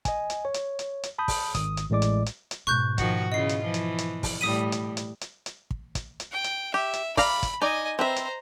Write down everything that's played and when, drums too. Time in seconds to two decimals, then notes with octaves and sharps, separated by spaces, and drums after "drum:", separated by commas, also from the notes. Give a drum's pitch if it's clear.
0.05 D#5 G#5, drum: kick, hi-hat
0.30 drum: hi-hat
0.45 C#5
0.54 drum: hi-hat
0.79 drum: hi-hat
1.03 drum: hi-hat
1.18 A5 B5 D#6 G6
1.28 drum: kick, open hi-hat
1.55 G#1 D#6, drum: kick, hi-hat
1.77 drum: hi-hat
1.90 A1 A2 G#3 D5 D6
2.02 drum: hi-hat
2.26 drum: hi-hat
2.51 drum: hi-hat
2.67 G#2 B2 C#6 F#6 G6
2.98 D#3 F3 F#4, drum: kick, hi-hat
3.32 C#3 E3 F4 D#5 C7
3.49 drum: hi-hat
3.64 E3 F3
3.74 drum: hi-hat
3.98 drum: hi-hat
4.23 drum: kick, open hi-hat
4.41 A2 G3 D#6 B6 D#7
4.72 drum: hi-hat
4.97 drum: hi-hat
5.21 drum: hi-hat
5.46 drum: hi-hat
5.71 drum: kick
5.95 drum: kick, hi-hat
6.20 drum: hi-hat
6.32 G5
6.44 drum: hi-hat
6.74 G4 E5
6.93 drum: hi-hat
7.17 D5 F5 A#5 B5, drum: kick, open hi-hat
7.43 drum: kick, hi-hat
7.62 D#4 D5 D#5 G#5
7.99 C4 B4 C5 E5 A#5
8.16 drum: hi-hat